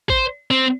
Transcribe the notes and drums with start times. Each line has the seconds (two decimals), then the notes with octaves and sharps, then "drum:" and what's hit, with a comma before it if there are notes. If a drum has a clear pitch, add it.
0.10 C5, drum: kick A1
0.51 C4